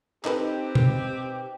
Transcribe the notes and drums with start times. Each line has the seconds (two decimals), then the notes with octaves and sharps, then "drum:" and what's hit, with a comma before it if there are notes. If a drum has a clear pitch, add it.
0.25 C4 D#4 G4 A4 B4, drum: clap
0.75 drum: tom B2